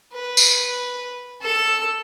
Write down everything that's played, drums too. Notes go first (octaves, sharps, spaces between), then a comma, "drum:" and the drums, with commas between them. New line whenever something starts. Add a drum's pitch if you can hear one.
B4
drum: tambourine
A4 E6